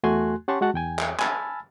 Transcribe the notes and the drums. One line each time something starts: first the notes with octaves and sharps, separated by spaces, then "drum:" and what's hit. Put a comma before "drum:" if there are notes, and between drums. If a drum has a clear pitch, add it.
E2 A3 F#4 G#5 C6 F#6
C#4 G4 F#5 A5 C6 C#6
G#3 F#4 F#5 A5
E2 G5 G#5
drum: clap
G#5 A5 B5 E6 F6 A6, drum: clap